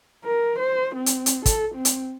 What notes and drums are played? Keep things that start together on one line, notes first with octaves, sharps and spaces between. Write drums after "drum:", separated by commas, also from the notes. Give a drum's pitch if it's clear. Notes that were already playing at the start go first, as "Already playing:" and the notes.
A#4
C5
C4
drum: hi-hat
drum: hi-hat
A4, drum: kick, hi-hat
C4
drum: hi-hat